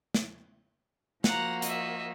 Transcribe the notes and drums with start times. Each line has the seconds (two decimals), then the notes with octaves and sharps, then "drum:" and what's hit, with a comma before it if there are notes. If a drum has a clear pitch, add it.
0.14 drum: snare
1.24 F3 A#3 F#4 F#5 A#5, drum: snare
1.62 D#5 E5, drum: hi-hat